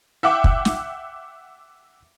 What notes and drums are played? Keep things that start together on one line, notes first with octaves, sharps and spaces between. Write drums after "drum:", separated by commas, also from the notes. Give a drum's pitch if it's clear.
E5 F#5 G5 D6
drum: kick
drum: snare